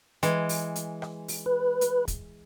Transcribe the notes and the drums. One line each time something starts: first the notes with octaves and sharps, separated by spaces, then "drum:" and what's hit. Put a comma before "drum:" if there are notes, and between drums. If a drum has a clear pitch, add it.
E3 G#3, drum: hi-hat
drum: open hi-hat
drum: hi-hat
drum: rim click
drum: open hi-hat
B4
drum: hi-hat
drum: kick, hi-hat